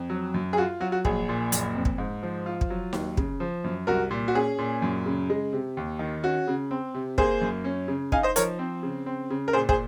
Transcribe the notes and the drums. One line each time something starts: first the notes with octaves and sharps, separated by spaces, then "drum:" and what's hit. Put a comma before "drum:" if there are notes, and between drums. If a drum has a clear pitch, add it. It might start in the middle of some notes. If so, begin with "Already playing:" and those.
Already playing: F2
F#3
F#2
G#4
F4 F#4
F#3 F#4
F#4
A#1 G#4, drum: kick
A#2
F#1, drum: hi-hat
F2
drum: kick
G#2
F3
F4
drum: kick
F#3
D#2, drum: snare D#4
C#3, drum: kick
F3
F#2
C2 F#4 A#4
A#2
F#4
C#4 G#4
A#2
F#2
C#3
G#3
C3
D#2
D#3
C#4 F#4
C#3
C4
C3
A#3 G#4 C5, drum: kick
F#2
C#4
C#3
D#4 F5 G#5, drum: kick
C5 D#5
F3 A#4 C#5, drum: hi-hat
C4
C#3
C4
C#3
A#4
A#2 G#4 C5
G#4 C5, drum: kick